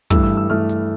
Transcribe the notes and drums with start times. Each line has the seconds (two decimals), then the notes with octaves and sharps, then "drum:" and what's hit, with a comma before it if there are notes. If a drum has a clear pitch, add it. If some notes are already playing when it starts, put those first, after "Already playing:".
0.10 G2 E3 A3 E6, drum: kick
0.23 E6
0.37 E6
0.49 G2 E3 A3 F6
0.69 drum: hi-hat